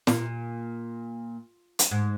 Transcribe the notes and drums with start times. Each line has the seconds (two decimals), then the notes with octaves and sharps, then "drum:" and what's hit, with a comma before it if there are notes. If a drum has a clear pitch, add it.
0.07 A#2, drum: snare
1.79 drum: hi-hat
1.91 G#2